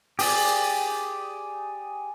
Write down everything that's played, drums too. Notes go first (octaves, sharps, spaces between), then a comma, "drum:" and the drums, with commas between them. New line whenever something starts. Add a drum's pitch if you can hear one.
G4 G#4 D5, drum: open hi-hat